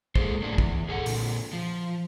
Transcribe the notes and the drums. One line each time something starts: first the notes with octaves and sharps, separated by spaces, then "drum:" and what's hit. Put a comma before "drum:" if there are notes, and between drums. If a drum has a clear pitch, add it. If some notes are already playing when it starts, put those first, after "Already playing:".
G#3 A#3 G#4 A4 C5, drum: kick
A2 G#3 A#3 D4
E2, drum: kick
G#4 A4 F#5
A#2 D3, drum: open hi-hat
F3